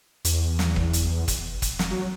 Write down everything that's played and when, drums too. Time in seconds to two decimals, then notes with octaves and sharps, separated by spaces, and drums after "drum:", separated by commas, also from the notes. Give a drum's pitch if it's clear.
0.25 E2, drum: hi-hat
0.59 drum: snare
0.76 drum: kick
0.93 drum: hi-hat
1.28 drum: kick, hi-hat
1.62 drum: kick, hi-hat
1.79 drum: snare
1.91 F#3